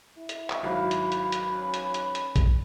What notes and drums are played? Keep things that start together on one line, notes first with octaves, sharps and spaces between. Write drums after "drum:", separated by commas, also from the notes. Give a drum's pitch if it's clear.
E4
drum: hi-hat
drum: clap
G#1 F#3 B4 F5
drum: hi-hat
drum: hi-hat
drum: hi-hat
C#4
drum: hi-hat
drum: hi-hat
drum: hi-hat
drum: kick A#1, hi-hat